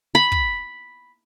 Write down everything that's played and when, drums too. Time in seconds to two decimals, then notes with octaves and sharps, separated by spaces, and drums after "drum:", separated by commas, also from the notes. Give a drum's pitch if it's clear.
0.15 B5
0.32 drum: kick